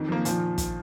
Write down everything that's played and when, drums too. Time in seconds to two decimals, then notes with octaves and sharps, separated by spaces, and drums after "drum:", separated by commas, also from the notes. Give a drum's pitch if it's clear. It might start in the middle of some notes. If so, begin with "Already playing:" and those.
Already playing: F2 D#3
0.08 F3 A#3
0.25 A#2 F3, drum: hi-hat
0.58 drum: kick, hi-hat